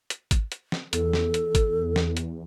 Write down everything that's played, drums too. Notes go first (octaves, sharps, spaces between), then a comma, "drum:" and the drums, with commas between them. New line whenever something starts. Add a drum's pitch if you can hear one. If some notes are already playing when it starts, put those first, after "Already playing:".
drum: hi-hat
drum: kick G#1, hi-hat
drum: hi-hat
drum: snare
E2 A4, drum: hi-hat
drum: snare
drum: hi-hat
drum: kick G#1, hi-hat
drum: snare
drum: hi-hat